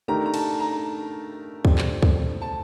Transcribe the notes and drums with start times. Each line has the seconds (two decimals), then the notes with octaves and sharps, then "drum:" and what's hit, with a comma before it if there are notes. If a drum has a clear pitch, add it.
0.08 D#3 A3 D4 G4 A#4 A#5
0.26 A#5
0.34 A5, drum: cymbal
0.60 A#5
1.65 A3 C4 G4 D5, drum: kick
1.78 drum: clap
2.03 drum: kick
2.42 A5